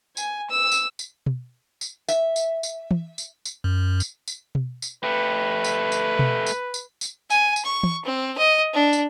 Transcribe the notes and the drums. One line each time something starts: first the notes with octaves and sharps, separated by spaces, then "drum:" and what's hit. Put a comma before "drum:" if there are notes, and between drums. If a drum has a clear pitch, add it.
G#5, drum: tambourine
E6
drum: tambourine
drum: tambourine
drum: tom B2
drum: tambourine
E5, drum: tambourine
drum: tambourine
drum: tambourine
drum: tom
drum: tambourine
drum: tambourine
F#2
drum: tambourine
drum: tambourine
drum: tom B2
drum: tambourine
A3 G4 B4
drum: tambourine
drum: tambourine
drum: tom B2
drum: tambourine
drum: tambourine
drum: tambourine
G#5, drum: tambourine
drum: tambourine
C#6
drum: tom
C4
D#5
D4
drum: tambourine